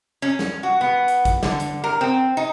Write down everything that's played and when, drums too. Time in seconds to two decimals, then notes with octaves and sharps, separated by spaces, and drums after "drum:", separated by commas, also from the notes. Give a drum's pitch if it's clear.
0.22 C#4
0.39 drum: snare
0.63 F#4
0.81 B3
1.08 drum: hi-hat
1.25 drum: kick, hi-hat
1.43 D3, drum: snare
1.60 drum: hi-hat
1.84 A#4
2.01 C4
2.37 D#4